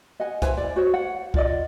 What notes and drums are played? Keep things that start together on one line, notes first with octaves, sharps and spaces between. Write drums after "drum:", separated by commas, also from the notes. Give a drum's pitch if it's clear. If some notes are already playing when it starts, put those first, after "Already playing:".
D#5 F#5 G#5
E4 B4 C5 G#5, drum: kick, hi-hat
D5
F#4 C5 C#5
F#5
F4 D5 D#5, drum: kick